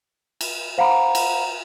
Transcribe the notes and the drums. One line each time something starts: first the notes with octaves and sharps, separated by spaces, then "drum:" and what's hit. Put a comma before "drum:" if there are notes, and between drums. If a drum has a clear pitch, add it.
drum: cymbal
C5 F5 F#5 A#5 B5
drum: cymbal